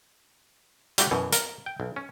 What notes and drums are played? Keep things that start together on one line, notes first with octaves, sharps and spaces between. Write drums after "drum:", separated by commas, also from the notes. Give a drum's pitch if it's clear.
G3 A3 D4 F#4 G4, drum: hi-hat
F#2 B2 E3
A#4, drum: hi-hat
G5
B1
C#4